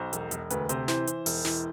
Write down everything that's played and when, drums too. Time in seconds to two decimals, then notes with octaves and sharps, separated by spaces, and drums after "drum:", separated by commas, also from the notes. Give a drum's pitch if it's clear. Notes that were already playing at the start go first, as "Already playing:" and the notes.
Already playing: B1 C5
0.13 E1, drum: hi-hat
0.31 E1, drum: hi-hat
0.50 D2 B4, drum: hi-hat
0.69 C3 C5, drum: hi-hat
0.88 E3 C5, drum: snare
1.07 E3, drum: hi-hat
1.26 E1, drum: open hi-hat
1.45 E3, drum: snare